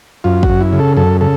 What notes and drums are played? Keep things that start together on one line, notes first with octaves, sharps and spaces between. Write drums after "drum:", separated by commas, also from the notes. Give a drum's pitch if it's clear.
F#2 F4
F#4, drum: kick
F#2
E4
C#3
A4
F#2 A4
C#3 A4